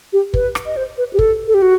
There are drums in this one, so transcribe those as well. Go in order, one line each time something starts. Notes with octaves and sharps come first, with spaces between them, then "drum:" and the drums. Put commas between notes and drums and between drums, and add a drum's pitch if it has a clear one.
G4
B4, drum: kick
drum: rim click
D#5
C5
B4
G4
A4, drum: kick
A4
G4
F#4